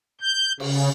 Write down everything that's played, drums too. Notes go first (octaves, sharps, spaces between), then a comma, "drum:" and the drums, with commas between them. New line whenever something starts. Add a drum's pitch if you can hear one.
G6
C#3, drum: cymbal